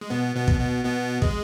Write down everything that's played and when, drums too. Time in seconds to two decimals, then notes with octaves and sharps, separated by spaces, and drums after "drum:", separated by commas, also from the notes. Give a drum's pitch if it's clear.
0.01 G#3
0.10 B2 B3
0.35 B2 B3
0.48 drum: kick
0.60 B2 B3
0.84 B2 B3
1.22 G#3, drum: kick